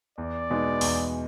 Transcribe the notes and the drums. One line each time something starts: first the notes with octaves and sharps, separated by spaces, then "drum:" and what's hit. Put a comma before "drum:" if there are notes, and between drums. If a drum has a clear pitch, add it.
E2 D5
B2 G#3 B3 D#4
E2, drum: open hi-hat